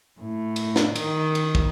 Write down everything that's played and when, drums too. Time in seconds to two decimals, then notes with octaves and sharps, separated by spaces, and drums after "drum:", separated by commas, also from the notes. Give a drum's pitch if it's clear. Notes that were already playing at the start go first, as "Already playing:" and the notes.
0.20 A2
0.56 drum: cymbal
0.76 drum: snare
0.96 D#3, drum: cymbal
1.35 drum: cymbal
1.55 drum: kick